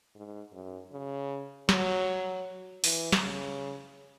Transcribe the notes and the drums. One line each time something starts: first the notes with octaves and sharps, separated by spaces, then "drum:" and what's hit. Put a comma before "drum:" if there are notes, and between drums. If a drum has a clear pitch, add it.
G#2
F#2
C#3
F#3, drum: snare
E3, drum: open hi-hat
drum: snare
C#3